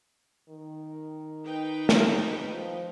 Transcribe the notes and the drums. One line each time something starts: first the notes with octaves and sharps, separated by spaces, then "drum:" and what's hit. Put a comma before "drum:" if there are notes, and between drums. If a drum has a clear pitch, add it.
D#3
D#4 B4 G5
drum: snare
F3